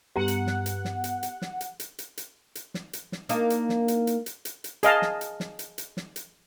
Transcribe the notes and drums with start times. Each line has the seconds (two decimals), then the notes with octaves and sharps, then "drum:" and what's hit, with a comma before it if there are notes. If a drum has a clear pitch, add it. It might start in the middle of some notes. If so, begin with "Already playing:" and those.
0.16 G2 B3 G4 F#5 A#5
0.28 drum: hi-hat
0.47 drum: snare
0.66 drum: hi-hat
0.85 drum: snare
1.04 drum: hi-hat
1.23 drum: hi-hat
1.42 drum: snare
1.61 drum: hi-hat
1.80 drum: hi-hat
1.98 drum: hi-hat
2.17 drum: hi-hat
2.55 drum: hi-hat
2.74 drum: snare
2.93 drum: hi-hat
3.12 drum: snare
3.29 A#3 D4 D#4, drum: hi-hat
3.50 drum: hi-hat
3.69 drum: snare
3.88 drum: hi-hat
4.07 drum: hi-hat
4.26 drum: hi-hat
4.45 drum: hi-hat
4.64 drum: hi-hat
4.83 G#4 D#5 F5 A5, drum: hi-hat
5.02 drum: snare
5.21 drum: hi-hat
5.40 drum: snare
5.59 drum: hi-hat
5.78 drum: hi-hat
5.97 drum: snare
6.16 drum: hi-hat